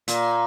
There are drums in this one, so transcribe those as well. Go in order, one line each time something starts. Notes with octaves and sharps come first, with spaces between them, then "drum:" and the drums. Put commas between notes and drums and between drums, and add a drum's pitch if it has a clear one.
A#2, drum: hi-hat